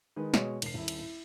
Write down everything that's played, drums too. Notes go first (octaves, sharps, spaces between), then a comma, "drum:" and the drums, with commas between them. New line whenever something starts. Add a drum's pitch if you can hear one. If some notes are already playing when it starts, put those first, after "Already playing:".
D#3 G#3 B4
B2 G#3 C#5, drum: snare
E1 C7, drum: cymbal
D#1 E4
drum: cymbal
E4